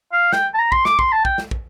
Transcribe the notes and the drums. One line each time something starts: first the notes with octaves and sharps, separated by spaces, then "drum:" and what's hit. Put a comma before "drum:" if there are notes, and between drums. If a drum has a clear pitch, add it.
F5
G5, drum: snare
A5
A#5
C6, drum: kick
D6, drum: snare
C6, drum: kick
A5
G5, drum: kick
drum: snare
drum: kick